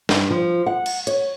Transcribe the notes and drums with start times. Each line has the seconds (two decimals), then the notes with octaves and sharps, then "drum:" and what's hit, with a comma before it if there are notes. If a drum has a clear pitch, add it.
0.09 G2, drum: snare
0.31 F3
0.66 F#5
0.86 drum: cymbal
1.07 C#5, drum: hi-hat